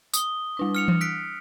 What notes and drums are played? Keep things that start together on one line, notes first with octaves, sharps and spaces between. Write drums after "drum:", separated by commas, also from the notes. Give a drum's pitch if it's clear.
D#6 G7, drum: tambourine
G3 D4 D6
F6 C#7 F7
drum: tom E3
E6 F#6 B6 D7